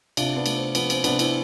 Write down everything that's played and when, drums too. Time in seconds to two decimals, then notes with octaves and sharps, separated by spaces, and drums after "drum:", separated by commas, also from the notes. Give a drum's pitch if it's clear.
0.17 C3 D4 F4, drum: cymbal
0.36 B3 D4
0.46 A3, drum: cymbal
0.56 C4
0.75 F3 B3, drum: cymbal
0.90 C4, drum: cymbal
1.04 C3 B3 D4, drum: cymbal
1.19 C4 E4, drum: cymbal